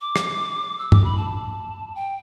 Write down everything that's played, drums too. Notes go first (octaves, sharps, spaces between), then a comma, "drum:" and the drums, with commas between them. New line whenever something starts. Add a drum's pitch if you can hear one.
D6
drum: rim click
E6
D6, drum: tom
B5
A5
G5